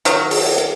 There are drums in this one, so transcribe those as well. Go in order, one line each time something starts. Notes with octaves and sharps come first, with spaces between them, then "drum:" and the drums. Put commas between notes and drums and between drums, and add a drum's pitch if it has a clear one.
D#3 F#3, drum: hi-hat
drum: open hi-hat
drum: hi-hat